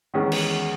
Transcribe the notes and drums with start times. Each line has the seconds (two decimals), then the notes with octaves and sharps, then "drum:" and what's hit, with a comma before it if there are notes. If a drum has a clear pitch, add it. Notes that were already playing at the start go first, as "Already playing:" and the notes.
0.14 E2 D#3 G#3 C#4 G#4
0.32 drum: cymbal